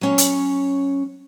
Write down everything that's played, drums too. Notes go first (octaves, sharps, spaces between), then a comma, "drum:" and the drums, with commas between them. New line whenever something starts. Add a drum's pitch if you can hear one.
F#3 C#4 C#5
drum: hi-hat